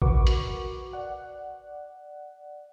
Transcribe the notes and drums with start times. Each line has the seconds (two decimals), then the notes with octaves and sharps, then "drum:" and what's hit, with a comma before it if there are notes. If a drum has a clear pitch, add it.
0.02 F#4 A#4 B4 F#5 C#6 D6, drum: kick A1
0.27 drum: hi-hat
0.93 D5 F#5